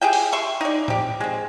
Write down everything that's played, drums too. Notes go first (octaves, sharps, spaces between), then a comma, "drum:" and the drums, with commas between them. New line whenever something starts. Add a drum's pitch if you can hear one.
G4 G#4 E5 G5
drum: open hi-hat
E5 C6 C#6
D#4 D5
C4 G4, drum: tom A2
G#3 C4